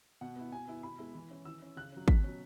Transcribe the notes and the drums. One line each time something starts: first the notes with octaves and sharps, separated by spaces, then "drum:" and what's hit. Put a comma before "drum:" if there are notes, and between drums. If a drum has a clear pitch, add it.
B2 F#5
B3 E4
B2 G#5
B3 E4
B2 B5
G#3 B3 E4
E3
C#4 E4
E3 E6
C#4 E4
C#3 F#6
F#3 C#4
B2 B6, drum: kick G#1
F#3 C#4